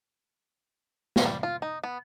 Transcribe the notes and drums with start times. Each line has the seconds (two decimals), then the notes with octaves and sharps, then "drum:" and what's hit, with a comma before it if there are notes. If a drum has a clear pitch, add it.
1.16 drum: snare
1.25 G3
1.43 F4
1.62 D#4
1.84 B3